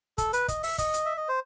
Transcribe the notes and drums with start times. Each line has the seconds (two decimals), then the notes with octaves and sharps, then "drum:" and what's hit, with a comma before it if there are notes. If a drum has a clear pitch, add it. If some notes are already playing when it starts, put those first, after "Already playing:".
0.18 A4, drum: kick, hi-hat
0.33 B4, drum: hi-hat
0.48 D#5, drum: kick, hi-hat
0.63 E5, drum: open hi-hat
0.78 D#5, drum: kick, hi-hat
0.94 drum: hi-hat
1.05 E5
1.17 D#5
1.28 C5